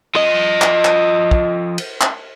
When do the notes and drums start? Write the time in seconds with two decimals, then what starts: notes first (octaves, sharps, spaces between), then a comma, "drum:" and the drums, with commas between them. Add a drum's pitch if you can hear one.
0.15 F3 D#5
0.62 drum: clap
0.85 drum: clap
1.31 drum: kick
1.78 drum: cymbal
2.01 drum: clap